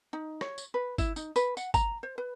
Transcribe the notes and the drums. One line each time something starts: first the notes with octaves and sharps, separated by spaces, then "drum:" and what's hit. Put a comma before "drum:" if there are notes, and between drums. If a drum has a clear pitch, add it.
D#4
C#5, drum: rim click
drum: tambourine
B4
E4, drum: kick G1, tambourine
D#4, drum: tambourine
B4, drum: tambourine
F#5, drum: tambourine
A#5, drum: kick G1, tambourine
C5
B4